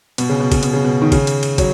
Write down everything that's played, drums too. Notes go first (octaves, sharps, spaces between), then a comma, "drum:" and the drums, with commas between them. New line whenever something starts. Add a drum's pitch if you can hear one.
B2, drum: cymbal
C#3
B2
C#3, drum: kick, cymbal
B2, drum: cymbal
C#3
B2
D#3
C#3, drum: kick, cymbal
drum: cymbal
drum: cymbal
F#3, drum: kick, cymbal